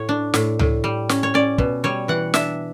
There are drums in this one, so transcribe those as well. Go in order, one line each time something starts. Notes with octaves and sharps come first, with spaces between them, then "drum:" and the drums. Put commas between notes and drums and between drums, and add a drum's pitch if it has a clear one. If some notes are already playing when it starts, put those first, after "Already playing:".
Already playing: A2 C#5
D4
A2, drum: snare
A2, drum: tom C#2
G3
C#4, drum: snare
C#5
C#4 D5
B2, drum: kick
G3 C#5
E3 F#5
D4 E5, drum: snare